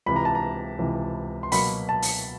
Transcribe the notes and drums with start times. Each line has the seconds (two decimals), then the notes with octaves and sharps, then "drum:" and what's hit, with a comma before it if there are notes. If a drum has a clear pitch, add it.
0.06 C#2 C3 E3 B5
0.16 A#5
0.25 A5
0.35 A#5
0.79 C#2 C3 E3
1.43 C6
1.52 B2 F#3 A#3 B5, drum: open hi-hat
1.89 A5
2.02 drum: open hi-hat